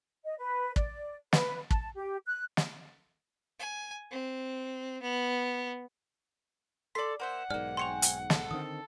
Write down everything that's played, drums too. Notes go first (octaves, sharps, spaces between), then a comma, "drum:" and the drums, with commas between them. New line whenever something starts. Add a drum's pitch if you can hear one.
D#5
B4
D5, drum: kick
B4, drum: snare
A5, drum: kick
G4
F#6
drum: snare
G#5
C4
B3
A4 D5 C6 B6 F#7
A#3 C5 E5 F#5
B1 G#2 A#3 C#4 D5 F6
C4 G#5 C6 C#6 C#7 F7
drum: hi-hat
A4, drum: snare
D3 D#3 C4 D#6